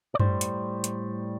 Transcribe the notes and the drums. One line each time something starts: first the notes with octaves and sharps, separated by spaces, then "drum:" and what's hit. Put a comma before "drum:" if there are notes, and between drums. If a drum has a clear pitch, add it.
D5
A2 G3 C5, drum: tom G2
drum: hi-hat
drum: hi-hat